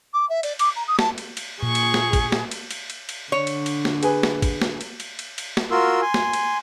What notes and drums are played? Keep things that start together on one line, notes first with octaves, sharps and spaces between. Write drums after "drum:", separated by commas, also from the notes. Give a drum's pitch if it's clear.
D6
E5
D5, drum: cymbal
D6, drum: cymbal
A#5
D#6
A5, drum: snare
drum: cymbal
drum: cymbal
A#2 G#4 C#6
drum: cymbal
drum: snare
drum: kick, cymbal
drum: snare
drum: cymbal
drum: cymbal
drum: cymbal
drum: cymbal
D3 C#5
drum: cymbal
drum: cymbal
drum: snare
G#4 B4 G#5, drum: cymbal
drum: snare
drum: kick, cymbal
drum: snare
drum: cymbal
drum: cymbal
drum: cymbal
drum: cymbal
drum: snare
F4 F#4 A#4 C6 E6
G#5 C6
drum: snare
drum: cymbal